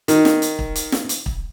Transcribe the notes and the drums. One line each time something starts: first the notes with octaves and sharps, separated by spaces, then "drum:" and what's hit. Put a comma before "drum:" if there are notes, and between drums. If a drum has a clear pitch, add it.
D#3, drum: hi-hat
drum: snare
drum: hi-hat
drum: kick
drum: hi-hat
drum: snare
drum: hi-hat
drum: kick